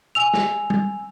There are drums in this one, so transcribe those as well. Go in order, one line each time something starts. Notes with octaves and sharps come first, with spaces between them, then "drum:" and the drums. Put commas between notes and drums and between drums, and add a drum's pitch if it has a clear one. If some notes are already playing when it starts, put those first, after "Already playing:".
G#5 E6 F7
drum: snare
drum: tom G3